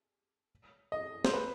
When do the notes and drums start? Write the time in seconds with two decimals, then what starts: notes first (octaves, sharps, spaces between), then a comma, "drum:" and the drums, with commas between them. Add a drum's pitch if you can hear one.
0.92 D#5
1.25 C5, drum: snare
1.33 B4